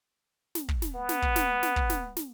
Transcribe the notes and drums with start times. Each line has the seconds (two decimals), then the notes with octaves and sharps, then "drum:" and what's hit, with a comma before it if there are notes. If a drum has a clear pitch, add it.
0.55 drum: snare
0.69 drum: kick
0.82 drum: snare
0.95 B3
1.09 drum: snare
1.22 drum: kick
1.36 drum: snare
1.63 drum: snare
1.76 drum: kick
1.90 drum: snare
2.17 drum: snare